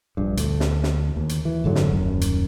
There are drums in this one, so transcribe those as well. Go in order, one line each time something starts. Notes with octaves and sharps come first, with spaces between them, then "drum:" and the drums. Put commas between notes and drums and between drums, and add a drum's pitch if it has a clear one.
A#1 G2
D2, drum: hi-hat
drum: snare
drum: snare
D#2
drum: hi-hat
E3
F#1 G#2 D3 F#3
drum: snare
D#1 F#2
drum: hi-hat